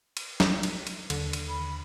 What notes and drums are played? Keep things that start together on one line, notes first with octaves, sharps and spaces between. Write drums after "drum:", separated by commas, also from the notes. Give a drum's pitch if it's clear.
drum: cymbal
drum: snare
drum: cymbal
drum: cymbal
D#2 D3, drum: cymbal
drum: cymbal
B5